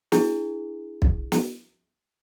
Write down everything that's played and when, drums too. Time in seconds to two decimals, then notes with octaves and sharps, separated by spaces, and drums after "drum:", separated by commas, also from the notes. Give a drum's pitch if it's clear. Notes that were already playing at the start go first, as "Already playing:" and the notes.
0.12 D4 E4 G#4, drum: snare
1.02 drum: kick
1.32 drum: snare